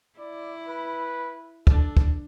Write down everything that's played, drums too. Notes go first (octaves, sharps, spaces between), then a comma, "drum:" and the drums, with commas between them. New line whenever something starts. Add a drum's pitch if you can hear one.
E4 D5
B4
D4 A4, drum: kick
drum: kick